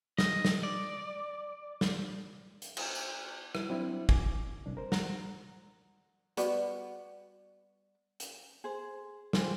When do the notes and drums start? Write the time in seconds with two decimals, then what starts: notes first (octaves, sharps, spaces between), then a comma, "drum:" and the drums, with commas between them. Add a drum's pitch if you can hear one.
0.18 D#5, drum: snare
0.45 drum: snare
0.63 D5
1.81 drum: snare
2.62 drum: hi-hat
2.77 drum: cymbal
2.95 drum: tambourine
3.55 G3 E4, drum: rim click
3.69 F#3 C4 D4 E4
4.09 G#5 D6, drum: kick
4.66 C2 D4
4.77 A#4 C5
4.92 F#5 A#5, drum: snare
6.37 G3 B3 F#4, drum: hi-hat
8.20 drum: hi-hat
8.64 G#4 C5
9.33 F4 G4 G#4 C5, drum: snare